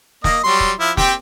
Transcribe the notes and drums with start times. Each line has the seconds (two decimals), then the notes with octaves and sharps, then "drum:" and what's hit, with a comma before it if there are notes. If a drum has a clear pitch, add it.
0.24 A#3 D#5, drum: snare
0.44 F#3 G3 C6
0.60 drum: kick
0.79 F3 E4
0.97 C4 G4, drum: snare